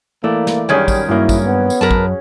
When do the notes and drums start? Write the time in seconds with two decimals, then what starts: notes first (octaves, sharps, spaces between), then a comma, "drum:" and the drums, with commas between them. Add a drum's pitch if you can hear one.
0.24 E3 A3 A#3 E4 D5
0.47 drum: snare
0.69 F#2 D#3 G3 C#4 G#4 G#5
0.88 drum: kick, tambourine
1.09 G2 A#3 C#4 E4 F#4
1.29 drum: kick, tambourine
1.46 B3
1.70 drum: tambourine
1.81 F#2 A#4 B4 A5
1.91 drum: kick